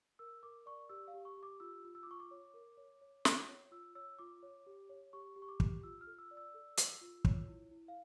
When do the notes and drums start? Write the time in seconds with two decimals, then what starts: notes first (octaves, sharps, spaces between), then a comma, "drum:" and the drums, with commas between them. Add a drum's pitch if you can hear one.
0.19 A#4 E6
0.43 A#4 D6
0.66 D5 C#6
0.90 G4 E6
1.08 F5
1.14 G4
1.25 C#6
1.37 G4
1.43 D6
1.60 F4 E6
1.84 F4
1.95 E6
2.03 D6
2.07 F4 C#6
2.20 D6
2.31 C#5
2.54 A#4
2.77 C#5
3.01 C#5
3.25 F4, drum: snare
3.49 C#5
3.72 F4 E6
3.95 C#5 E6
4.19 F4 D6
4.43 C#5
4.66 G4
4.89 C#5
5.13 G4 C#6
5.36 G4
5.42 C#6
5.49 D6
5.60 G4, drum: kick
5.83 F4 E6
6.01 F6
6.07 A4
6.18 E6
6.31 D5
6.37 E6
6.54 A4
6.77 A4, drum: hi-hat
7.01 F4
7.25 C#5, drum: kick
7.48 E4
7.71 E4
7.88 F5